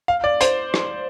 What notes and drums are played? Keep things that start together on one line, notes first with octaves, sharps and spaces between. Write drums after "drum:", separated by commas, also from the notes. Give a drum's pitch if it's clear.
F5
D5
C5, drum: hi-hat
drum: rim click